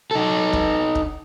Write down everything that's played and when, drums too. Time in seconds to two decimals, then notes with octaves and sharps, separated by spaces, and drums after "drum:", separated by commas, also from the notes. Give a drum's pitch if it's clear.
0.11 D#4 A4
0.53 drum: kick
0.95 drum: kick